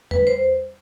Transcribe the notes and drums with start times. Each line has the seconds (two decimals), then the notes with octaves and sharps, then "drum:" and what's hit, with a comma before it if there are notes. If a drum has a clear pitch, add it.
0.11 G3 B4, drum: tom E2
0.27 C5